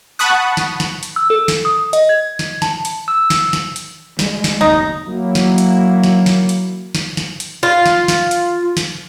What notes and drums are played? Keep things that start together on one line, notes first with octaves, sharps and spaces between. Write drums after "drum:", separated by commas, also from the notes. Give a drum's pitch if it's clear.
F#5 A5 B5 C#6 D#6 F#6
drum: snare
drum: snare
drum: hi-hat
E6
A4
drum: snare
D#6
D#5, drum: hi-hat
G#6
drum: snare
A5, drum: snare
drum: hi-hat
E6
drum: snare
drum: snare
drum: hi-hat
G3 G#3, drum: snare
drum: snare
F#1 D#2 D#4
F#3 A#3 E4
drum: snare
drum: hi-hat
drum: snare
drum: snare
drum: hi-hat
drum: snare
drum: snare
drum: hi-hat
F4
drum: snare
drum: snare
drum: hi-hat
drum: snare